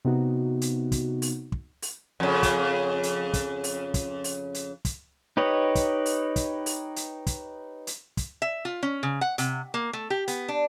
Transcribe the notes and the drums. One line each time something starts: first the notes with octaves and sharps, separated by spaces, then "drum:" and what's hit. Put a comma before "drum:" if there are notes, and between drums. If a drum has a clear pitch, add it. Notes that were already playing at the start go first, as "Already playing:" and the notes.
C3 B3 D#4 F#4
drum: hi-hat
drum: kick, hi-hat
drum: open hi-hat
drum: kick
drum: open hi-hat
F2 C#3
drum: kick, hi-hat
drum: hi-hat
drum: kick, hi-hat
drum: open hi-hat
drum: kick, hi-hat
drum: open hi-hat
drum: hi-hat
drum: kick, hi-hat
D#4 G4 B4 C#5 D#5
drum: kick, hi-hat
drum: open hi-hat
drum: kick, hi-hat
drum: open hi-hat
drum: hi-hat
drum: kick, hi-hat
drum: hi-hat
drum: kick, hi-hat
E5
F4
C#4
C#3
F#5
C3, drum: hi-hat
A#3
A3
G4
B3, drum: hi-hat
D4